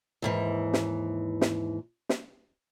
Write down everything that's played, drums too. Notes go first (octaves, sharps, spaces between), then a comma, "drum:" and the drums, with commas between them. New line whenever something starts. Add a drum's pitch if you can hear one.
D#2 G#2 E3
drum: snare
drum: snare
drum: snare